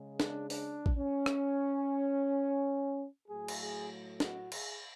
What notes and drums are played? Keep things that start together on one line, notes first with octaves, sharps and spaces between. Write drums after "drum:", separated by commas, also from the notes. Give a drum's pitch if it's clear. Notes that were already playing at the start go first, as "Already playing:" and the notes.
Already playing: C#3 G#3
D4, drum: snare
D4, drum: open hi-hat
drum: kick A1
C#4
drum: rim click
A2 F#3 A3 G#4
drum: cymbal
G#4
F#4, drum: snare
G#4, drum: cymbal